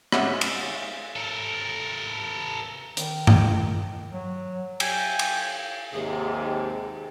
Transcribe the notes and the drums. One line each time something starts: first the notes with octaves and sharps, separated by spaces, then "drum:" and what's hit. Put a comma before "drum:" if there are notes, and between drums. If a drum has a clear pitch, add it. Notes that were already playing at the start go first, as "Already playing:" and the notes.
G#2 C#4 G#4 D#5 E5 F#5, drum: rim click
drum: cymbal
A4 A#4
D#3, drum: hi-hat
drum: tom G2
F#3
G5 G#5, drum: cymbal
drum: cymbal
D#2 G#2 C3 G#4